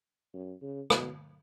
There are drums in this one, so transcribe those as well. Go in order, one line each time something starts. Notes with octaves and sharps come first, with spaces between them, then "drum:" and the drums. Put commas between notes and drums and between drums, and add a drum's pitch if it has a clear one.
F#2
C#3
B2, drum: rim click